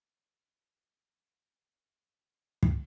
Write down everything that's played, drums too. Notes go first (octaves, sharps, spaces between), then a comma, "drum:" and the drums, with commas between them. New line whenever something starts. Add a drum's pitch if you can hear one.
G#2 B2
F3
D2 G#4
A#3
drum: kick